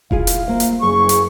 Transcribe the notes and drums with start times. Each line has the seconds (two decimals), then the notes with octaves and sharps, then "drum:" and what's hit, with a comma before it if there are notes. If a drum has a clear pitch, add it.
0.11 E4 F4 G#4 F5, drum: kick D#1
0.27 drum: hi-hat
0.48 A#3 C5
0.60 drum: hi-hat
0.82 F#1 F#2 G#4 C#6
1.09 drum: hi-hat